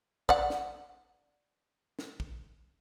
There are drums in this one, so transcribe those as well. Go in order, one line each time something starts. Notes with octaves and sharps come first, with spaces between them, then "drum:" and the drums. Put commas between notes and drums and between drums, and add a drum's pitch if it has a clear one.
D5 F#5, drum: kick
drum: snare
drum: snare
drum: kick